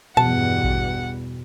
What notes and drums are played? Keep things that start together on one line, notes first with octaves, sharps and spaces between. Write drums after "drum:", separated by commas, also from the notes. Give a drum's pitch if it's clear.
E2 G2 B2 G3 F#5 A5
drum: kick A1